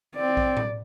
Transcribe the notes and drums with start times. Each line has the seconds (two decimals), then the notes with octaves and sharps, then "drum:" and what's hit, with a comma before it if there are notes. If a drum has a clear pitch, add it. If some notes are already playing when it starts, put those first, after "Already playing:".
0.16 C4 D5
0.37 drum: kick A#1
0.57 drum: tom A2